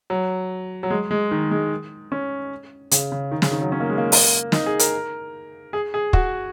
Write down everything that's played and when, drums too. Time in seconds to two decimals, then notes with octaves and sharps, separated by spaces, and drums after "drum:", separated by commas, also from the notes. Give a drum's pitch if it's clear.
0.10 F#3
0.83 F#3
0.90 G#3
1.11 G#3
1.31 D#3
1.51 G#3
2.12 C#4
2.91 C#3, drum: hi-hat
3.12 C#3
3.32 D#3
3.42 C#3, drum: snare
3.52 D#3
3.62 F#3
3.72 C#4
3.80 A#3
3.89 G#3
3.98 A#3
4.12 A#3, drum: open hi-hat
4.52 D#4, drum: snare
4.66 G#4
4.79 A#4, drum: hi-hat
5.73 G#4
5.94 G#4
6.13 F#4, drum: kick